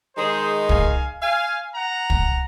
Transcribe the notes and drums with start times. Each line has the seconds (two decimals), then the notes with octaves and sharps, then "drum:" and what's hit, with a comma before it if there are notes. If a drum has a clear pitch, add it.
0.16 D#3 G#3 D#4 G#4 C5
0.69 F5 G#5, drum: kick
1.22 F5 G#5
1.74 F#5 A#5
2.10 drum: kick